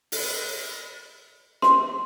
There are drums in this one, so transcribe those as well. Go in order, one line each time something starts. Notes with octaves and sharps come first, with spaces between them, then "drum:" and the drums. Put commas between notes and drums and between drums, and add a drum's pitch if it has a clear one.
drum: open hi-hat
C6, drum: snare